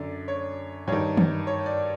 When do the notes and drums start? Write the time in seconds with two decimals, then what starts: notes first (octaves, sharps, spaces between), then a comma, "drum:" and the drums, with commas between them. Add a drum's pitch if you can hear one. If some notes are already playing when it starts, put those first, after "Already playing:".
Already playing: F#2 D3 D5
0.28 C#5
0.88 G2 D#3 C#5
1.17 drum: tom D#3
1.47 C#5
1.66 D5